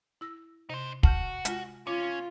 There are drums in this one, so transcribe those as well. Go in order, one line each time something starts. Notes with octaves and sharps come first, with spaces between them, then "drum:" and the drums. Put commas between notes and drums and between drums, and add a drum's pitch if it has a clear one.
E4 E6 A#6
C3 D#4 C5
F#4 A5 F6 G6, drum: kick
G#3 F4, drum: hi-hat
C#4 F4 D6